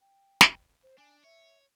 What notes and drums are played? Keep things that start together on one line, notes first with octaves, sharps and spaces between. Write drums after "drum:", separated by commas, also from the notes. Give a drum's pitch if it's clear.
G5
drum: snare
C5
D4 G#5
C#5 E5